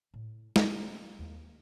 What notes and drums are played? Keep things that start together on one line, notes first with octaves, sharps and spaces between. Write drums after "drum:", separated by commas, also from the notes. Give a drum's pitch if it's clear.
A2
A#3 C#4, drum: snare
D#2